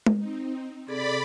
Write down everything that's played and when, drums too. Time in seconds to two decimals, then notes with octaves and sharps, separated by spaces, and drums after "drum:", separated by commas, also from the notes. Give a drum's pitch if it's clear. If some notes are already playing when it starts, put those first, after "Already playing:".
0.06 drum: tom G#3
0.18 C4 D#4
0.87 C3 C4 G#4 A4 D5 B5